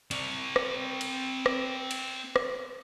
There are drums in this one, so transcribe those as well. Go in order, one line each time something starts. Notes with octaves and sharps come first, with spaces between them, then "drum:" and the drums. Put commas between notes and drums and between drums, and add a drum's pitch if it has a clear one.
C4 D5, drum: cymbal
drum: rim click
drum: cymbal
drum: rim click
drum: cymbal
drum: rim click